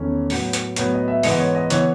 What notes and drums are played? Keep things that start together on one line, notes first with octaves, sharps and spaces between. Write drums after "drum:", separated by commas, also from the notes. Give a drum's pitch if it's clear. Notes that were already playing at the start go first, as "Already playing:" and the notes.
Already playing: E2 D#3 A3 C#4
A2 F#3 B3, drum: open hi-hat
drum: hi-hat
A2 F#3 B3 C#5, drum: hi-hat
D#5
E5
G#2 E3 B3 D#5, drum: open hi-hat
C#5
D#5
E3 B3 C#5, drum: hi-hat